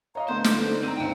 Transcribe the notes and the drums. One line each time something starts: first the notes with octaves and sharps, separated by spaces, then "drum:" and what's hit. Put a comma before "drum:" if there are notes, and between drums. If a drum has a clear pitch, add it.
C#5 D#5 F5 A#5
D3 A3 B3 C5 C6
A4, drum: snare
D#4
C4 A#5 D#7
G1 C#2 F5 G5